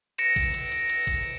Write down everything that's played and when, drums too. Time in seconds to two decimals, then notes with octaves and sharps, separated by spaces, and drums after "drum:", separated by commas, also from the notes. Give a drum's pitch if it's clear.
0.18 A#6 C#7 D7 E7, drum: cymbal
0.36 drum: kick, cymbal
0.54 drum: cymbal
0.72 drum: cymbal
0.89 drum: cymbal
1.07 drum: kick, cymbal